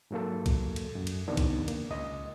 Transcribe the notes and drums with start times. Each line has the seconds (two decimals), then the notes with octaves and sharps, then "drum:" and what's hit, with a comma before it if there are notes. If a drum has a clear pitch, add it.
0.11 G#2 F#3 A#3 A4
0.46 drum: kick, cymbal
0.76 drum: cymbal
0.95 F#2
1.07 drum: cymbal
1.28 C3 D#3 B3 D4
1.37 drum: kick, cymbal
1.68 A#3, drum: cymbal
1.90 C#2 D#5